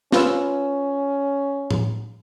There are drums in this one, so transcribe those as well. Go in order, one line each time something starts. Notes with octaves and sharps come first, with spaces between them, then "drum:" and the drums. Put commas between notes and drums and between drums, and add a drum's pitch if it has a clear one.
C#4 F4 B4 E6, drum: snare
drum: tom A2